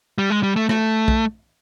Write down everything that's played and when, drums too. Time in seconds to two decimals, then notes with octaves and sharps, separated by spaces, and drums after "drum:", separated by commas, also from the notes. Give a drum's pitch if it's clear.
0.18 G3
0.30 G#3
0.43 G3
0.56 A3
0.69 A3, drum: rim click
1.08 drum: kick B1